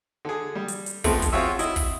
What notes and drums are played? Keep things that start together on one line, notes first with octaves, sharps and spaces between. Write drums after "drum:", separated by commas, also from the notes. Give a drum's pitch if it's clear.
D3 G#4
G3
drum: hi-hat
drum: hi-hat
D3 F3 G#3 A3 B3 C4, drum: kick, open hi-hat
drum: kick, hi-hat
C4 F4 F#4 G#4 C#5 E5
E4 D#5 E5, drum: hi-hat
drum: kick, open hi-hat